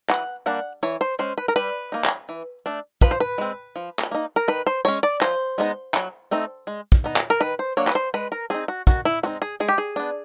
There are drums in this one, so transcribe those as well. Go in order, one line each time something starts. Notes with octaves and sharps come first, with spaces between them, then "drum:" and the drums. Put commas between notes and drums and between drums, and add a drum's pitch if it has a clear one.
E3 F#5, drum: clap
G3 A#3 D4 F#5
E3 C#5
C5
G#3 C#4 C5
B4
A#4
G3 B4
A#3 D#4
drum: clap
E3
A3 D4
F3 B4, drum: kick
C5
B4
G#3 C4
F3
drum: clap
A#3 D#4
A#4
D#3 B4
C5
G#3 C#4 C#5
D5
F3 C5, drum: clap
G#3 B3 D#4
F#3, drum: clap
A3 C4 D#4
G#3
drum: kick
B3 D#4
drum: clap
A#4
D#3 B4
C5
F#3 A#3 D4 C#5
B4, drum: clap
C5
G#3 B4
A#4
C4 D#4 G#4
F#4
D#3 F#4, drum: kick
E4
G#3 C4 D#4 F#4
G#4
G#3 G#4
G4
G#4
B3 D4